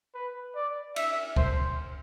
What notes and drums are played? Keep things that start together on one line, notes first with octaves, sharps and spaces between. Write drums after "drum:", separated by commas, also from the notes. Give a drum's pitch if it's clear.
B4
D5
E5, drum: cymbal
C5, drum: kick C#2